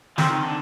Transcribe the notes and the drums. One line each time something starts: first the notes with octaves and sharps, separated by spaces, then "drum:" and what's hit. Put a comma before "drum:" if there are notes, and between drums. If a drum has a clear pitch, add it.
F3 C4, drum: snare
D#3
D3